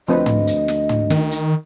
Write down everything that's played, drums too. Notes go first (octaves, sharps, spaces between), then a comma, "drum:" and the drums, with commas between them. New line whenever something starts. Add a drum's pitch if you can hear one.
D2 F3 C4 B4 D#5
drum: tom
drum: hi-hat
drum: snare
drum: tom
D#3, drum: snare
drum: hi-hat